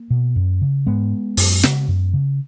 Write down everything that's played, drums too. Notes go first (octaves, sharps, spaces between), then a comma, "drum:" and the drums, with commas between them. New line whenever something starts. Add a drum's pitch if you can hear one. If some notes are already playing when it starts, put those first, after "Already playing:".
Already playing: A#3
B2
F#2
C#3
G#2 G#3 B3
F#2, drum: open hi-hat
C#3, drum: snare
F#2
C#3